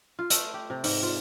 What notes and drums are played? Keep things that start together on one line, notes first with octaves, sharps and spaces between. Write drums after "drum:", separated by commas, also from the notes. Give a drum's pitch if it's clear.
F4
A3, drum: hi-hat
G4
C3
G#2, drum: open hi-hat
F4